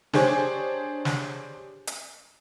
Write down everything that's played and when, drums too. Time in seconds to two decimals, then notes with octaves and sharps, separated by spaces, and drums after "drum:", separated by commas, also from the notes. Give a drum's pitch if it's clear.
0.13 D4 G4 G#4 C5 C#5, drum: snare
1.05 drum: snare
1.87 drum: hi-hat